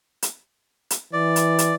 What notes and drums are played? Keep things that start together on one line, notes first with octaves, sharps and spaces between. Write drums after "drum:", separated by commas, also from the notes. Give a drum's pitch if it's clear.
drum: hi-hat
drum: hi-hat
E3 D5
drum: hi-hat
drum: hi-hat